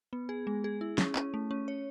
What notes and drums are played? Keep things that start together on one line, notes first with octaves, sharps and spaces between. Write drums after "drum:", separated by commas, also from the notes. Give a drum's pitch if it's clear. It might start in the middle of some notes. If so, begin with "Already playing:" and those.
B3
G#4
G#3
G#4
E4
C#4, drum: snare
C#4, drum: clap
A3
C#4
C#5